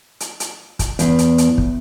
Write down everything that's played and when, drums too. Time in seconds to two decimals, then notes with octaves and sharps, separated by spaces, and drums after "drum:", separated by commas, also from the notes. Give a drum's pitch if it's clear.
0.20 drum: hi-hat
0.40 drum: hi-hat
0.79 drum: kick, hi-hat
0.99 E2, drum: hi-hat
1.19 drum: hi-hat
1.38 drum: hi-hat
1.58 drum: kick